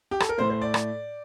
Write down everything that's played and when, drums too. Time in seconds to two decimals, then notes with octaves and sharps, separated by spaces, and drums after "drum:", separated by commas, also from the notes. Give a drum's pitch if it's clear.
0.11 G4
0.20 A4, drum: rim click
0.29 A#4
0.38 A2 A3 C5
0.50 C5
0.62 D5
0.74 drum: rim click